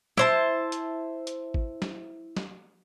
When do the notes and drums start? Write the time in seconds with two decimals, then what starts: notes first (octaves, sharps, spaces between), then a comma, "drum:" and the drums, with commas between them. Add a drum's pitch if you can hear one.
0.17 E4 C5 A5, drum: snare
0.72 drum: hi-hat
1.27 drum: hi-hat
1.54 drum: kick A1
1.82 drum: snare
2.37 drum: snare